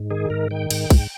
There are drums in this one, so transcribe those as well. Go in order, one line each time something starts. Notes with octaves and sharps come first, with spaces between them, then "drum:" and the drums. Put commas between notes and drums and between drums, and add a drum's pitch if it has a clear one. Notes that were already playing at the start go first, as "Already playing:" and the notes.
Already playing: G#2
D#3 G#4
G#2 A#4
D#3 G5
G#2, drum: cymbal
G#2, drum: kick, cymbal